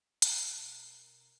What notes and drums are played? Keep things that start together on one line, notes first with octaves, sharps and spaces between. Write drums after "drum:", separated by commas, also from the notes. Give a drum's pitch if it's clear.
B2 A#4, drum: hi-hat